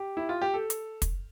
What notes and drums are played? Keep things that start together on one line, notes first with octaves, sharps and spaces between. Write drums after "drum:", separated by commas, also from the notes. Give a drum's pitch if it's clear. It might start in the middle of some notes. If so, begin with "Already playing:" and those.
Already playing: G4
E4
F4
G4
A4
drum: hi-hat
drum: kick, hi-hat